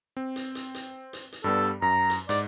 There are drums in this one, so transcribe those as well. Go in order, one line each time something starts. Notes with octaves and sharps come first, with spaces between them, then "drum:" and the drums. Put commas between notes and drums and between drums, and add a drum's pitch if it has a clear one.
C4
drum: hi-hat
drum: hi-hat
drum: hi-hat
drum: hi-hat
drum: hi-hat
G2 G3 B3 A4
F#2 A#5
drum: hi-hat
G#2 D5, drum: hi-hat